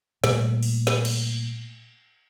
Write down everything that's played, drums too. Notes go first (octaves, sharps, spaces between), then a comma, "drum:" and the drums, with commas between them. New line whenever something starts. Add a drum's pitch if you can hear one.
A#2 G3 A3, drum: snare
drum: open hi-hat
drum: snare
drum: cymbal